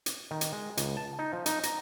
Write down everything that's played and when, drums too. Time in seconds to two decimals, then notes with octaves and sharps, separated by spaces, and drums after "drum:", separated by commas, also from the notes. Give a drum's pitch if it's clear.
0.06 drum: hi-hat
0.31 D#3
0.41 drum: hi-hat
0.52 G#3
0.77 C#2, drum: hi-hat
0.97 A5
1.19 D#4
1.33 F3
1.46 D#4, drum: hi-hat
1.63 A#5, drum: hi-hat